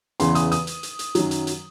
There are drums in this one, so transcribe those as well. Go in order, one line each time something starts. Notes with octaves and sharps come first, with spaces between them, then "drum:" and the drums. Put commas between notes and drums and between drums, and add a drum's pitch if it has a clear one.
E2 C#3 E3 C6, drum: hi-hat
D#6, drum: hi-hat
D#6, drum: hi-hat
drum: hi-hat
drum: hi-hat
drum: hi-hat
F#2 D#3 F#3, drum: hi-hat
drum: hi-hat
drum: hi-hat